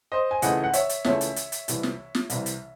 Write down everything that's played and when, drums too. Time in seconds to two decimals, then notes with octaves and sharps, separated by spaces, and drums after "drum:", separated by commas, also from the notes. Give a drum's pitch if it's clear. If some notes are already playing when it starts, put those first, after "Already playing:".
0.12 C5 D#5
0.31 G#5
0.42 C#2 C#3 E3 A3 D#5 F#5, drum: hi-hat
0.64 F#5
0.73 C#5 E5, drum: hi-hat
0.89 drum: hi-hat
1.04 C#2 C#3 E3 A3 C#5 E5, drum: snare
1.21 drum: hi-hat
1.36 drum: hi-hat
1.52 drum: hi-hat
1.68 C2 C3 E3, drum: hi-hat
1.83 drum: snare
2.15 drum: snare
2.30 C2 C3 E3, drum: hi-hat
2.46 drum: hi-hat